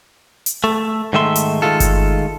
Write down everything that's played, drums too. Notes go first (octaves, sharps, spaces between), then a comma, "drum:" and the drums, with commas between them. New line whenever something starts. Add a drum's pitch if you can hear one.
drum: hi-hat
A3
G#2 D#3 A3 E5 C6
drum: hi-hat
D#3 E3 G#3 A3 F4 A4
drum: kick G1, hi-hat